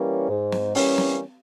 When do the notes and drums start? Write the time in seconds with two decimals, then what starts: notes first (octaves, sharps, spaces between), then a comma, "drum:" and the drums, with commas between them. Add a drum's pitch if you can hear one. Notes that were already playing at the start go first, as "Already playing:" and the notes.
Already playing: E3 G3 A#3 C#4
0.29 G#2
0.52 drum: snare
0.75 E3 G3 A#3 C#4, drum: open hi-hat
0.98 drum: snare